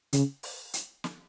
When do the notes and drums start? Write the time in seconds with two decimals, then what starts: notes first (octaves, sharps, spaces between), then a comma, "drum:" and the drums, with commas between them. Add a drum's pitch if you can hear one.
0.13 C#3, drum: hi-hat
0.43 drum: open hi-hat
0.73 drum: hi-hat
1.04 drum: snare